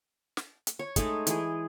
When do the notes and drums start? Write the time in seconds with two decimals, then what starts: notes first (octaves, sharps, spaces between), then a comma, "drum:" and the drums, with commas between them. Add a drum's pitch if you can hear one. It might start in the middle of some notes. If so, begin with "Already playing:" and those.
0.37 drum: snare
0.67 drum: hi-hat
0.79 C#5
0.96 G#3 A3 D#4 G#4, drum: kick, hi-hat
1.27 E3 G#4, drum: hi-hat